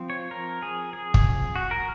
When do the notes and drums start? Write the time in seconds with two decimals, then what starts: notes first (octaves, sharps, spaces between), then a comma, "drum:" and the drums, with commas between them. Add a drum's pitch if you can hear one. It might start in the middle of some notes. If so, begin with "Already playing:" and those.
Already playing: F3 C4
0.10 C#5
0.31 A#4
0.62 G#4
0.93 G#4
1.14 drum: kick
1.56 F#4
1.71 A#4